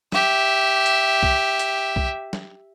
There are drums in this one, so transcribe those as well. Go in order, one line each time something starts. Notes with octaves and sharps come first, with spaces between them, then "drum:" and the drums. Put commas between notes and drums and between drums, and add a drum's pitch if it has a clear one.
G4 E5, drum: snare
drum: hi-hat
drum: kick B1
drum: hi-hat
drum: kick B1
drum: snare